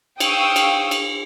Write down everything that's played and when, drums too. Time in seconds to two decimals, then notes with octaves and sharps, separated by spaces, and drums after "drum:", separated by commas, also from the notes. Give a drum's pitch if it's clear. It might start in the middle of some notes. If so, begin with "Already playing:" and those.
0.20 F5 G5 C#6 D#6 E6, drum: cymbal
0.56 drum: cymbal
0.91 drum: cymbal